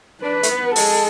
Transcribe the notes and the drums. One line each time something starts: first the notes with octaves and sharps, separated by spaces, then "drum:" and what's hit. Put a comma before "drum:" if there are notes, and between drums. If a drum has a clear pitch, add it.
D4 B4
A3, drum: hi-hat
B3
G#3 A4, drum: open hi-hat